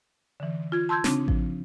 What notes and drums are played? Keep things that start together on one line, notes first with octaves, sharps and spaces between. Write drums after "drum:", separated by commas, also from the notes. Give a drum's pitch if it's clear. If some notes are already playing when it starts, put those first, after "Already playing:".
D3 E3
F4 G#6
A5 C6 E6 G6 G#6
C#3 C4 D4 D#4, drum: snare
F3, drum: kick A1